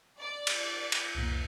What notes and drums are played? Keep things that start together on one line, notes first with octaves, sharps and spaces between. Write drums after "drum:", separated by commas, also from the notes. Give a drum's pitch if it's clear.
D5
drum: cymbal
drum: cymbal
C2 F2 A#2